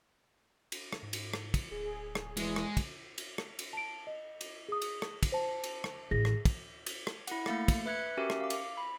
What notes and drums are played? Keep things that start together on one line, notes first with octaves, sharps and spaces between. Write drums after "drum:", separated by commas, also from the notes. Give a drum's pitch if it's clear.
drum: cymbal
drum: rim click
G#2
drum: cymbal
drum: rim click
drum: kick, cymbal
D1 G#4
drum: rim click
E2 E3 G#3, drum: cymbal
drum: rim click
drum: kick, cymbal
drum: cymbal
drum: rim click
drum: cymbal
A5 D7
D#5
drum: cymbal
G#4 D#6
drum: cymbal
drum: rim click
drum: kick, cymbal
C5 A5
drum: cymbal
drum: rim click
A1 G#4 A#6
drum: rim click
drum: kick, cymbal
drum: cymbal
drum: rim click
E4 F#5, drum: cymbal
A3 A#3 F5 A6 C#7, drum: rim click
drum: kick, cymbal
B4 E5 F#6 G#6 C#7
C#4 F#4 G4 A#4 E5
drum: rim click
F5 D6
drum: cymbal
B5